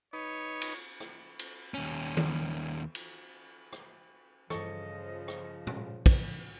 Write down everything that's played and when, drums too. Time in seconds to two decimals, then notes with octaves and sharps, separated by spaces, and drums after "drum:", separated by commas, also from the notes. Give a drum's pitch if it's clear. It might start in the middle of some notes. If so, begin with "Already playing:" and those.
0.13 D#4 B4 C#5
0.62 drum: cymbal
1.00 drum: rim click
1.39 drum: cymbal
1.74 D#2 C#4
2.17 drum: tom D#3
2.95 drum: cymbal
3.73 drum: rim click
4.50 G2 C#3 E3 F3 A4 D#5 C#6, drum: rim click
5.28 drum: rim click
5.67 drum: tom A#2
6.06 drum: kick, cymbal